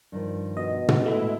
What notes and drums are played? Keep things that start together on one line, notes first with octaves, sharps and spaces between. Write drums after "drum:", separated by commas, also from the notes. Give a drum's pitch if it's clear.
G2 D#3 F3
B2 D#5
drum: tom
G#3 A3 C4 E4 D#5